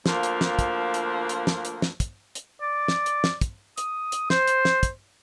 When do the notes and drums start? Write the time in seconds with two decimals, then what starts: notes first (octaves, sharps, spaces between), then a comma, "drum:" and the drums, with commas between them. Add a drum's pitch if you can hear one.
0.06 D2 F3 A#3, drum: snare
0.23 drum: hi-hat
0.41 drum: snare
0.59 drum: kick, hi-hat
0.94 drum: hi-hat
1.29 drum: hi-hat
1.47 drum: snare
1.65 drum: hi-hat
1.82 drum: snare
2.00 drum: kick, hi-hat
2.35 drum: hi-hat
2.61 D5
2.88 drum: snare
3.06 drum: hi-hat
3.24 drum: snare
3.41 drum: kick, hi-hat
3.78 D#6, drum: hi-hat
4.12 drum: hi-hat
4.30 C5, drum: snare
4.48 drum: hi-hat
4.65 drum: snare
4.83 drum: kick, hi-hat